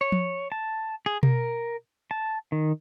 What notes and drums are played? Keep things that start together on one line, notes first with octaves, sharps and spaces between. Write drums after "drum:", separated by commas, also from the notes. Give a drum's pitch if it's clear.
C#5
drum: tom F3
A5
G#4
A#4, drum: tom B2
A5
D#3